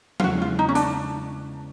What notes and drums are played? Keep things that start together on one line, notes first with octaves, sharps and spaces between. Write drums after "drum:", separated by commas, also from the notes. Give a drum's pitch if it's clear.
F4, drum: tom F3
E2 C#3 E3 G#3 F#4
F4
D#4
C#4
D4, drum: hi-hat